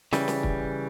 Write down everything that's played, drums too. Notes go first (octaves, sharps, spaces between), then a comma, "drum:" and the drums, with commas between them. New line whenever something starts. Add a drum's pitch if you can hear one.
C#3 E3 G3, drum: snare
drum: snare
drum: kick